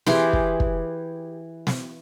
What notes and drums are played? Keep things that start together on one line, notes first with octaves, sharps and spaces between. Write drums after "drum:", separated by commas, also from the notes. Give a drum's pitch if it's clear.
E3 G4 G#4 C6, drum: snare
drum: kick
drum: kick
drum: snare